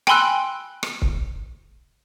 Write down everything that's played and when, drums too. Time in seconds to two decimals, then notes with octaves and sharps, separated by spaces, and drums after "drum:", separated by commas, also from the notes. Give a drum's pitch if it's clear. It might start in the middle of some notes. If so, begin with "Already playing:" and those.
0.07 G5 G#5 B5 C6 E6 F#6, drum: rim click
0.83 drum: rim click
1.02 drum: kick C#1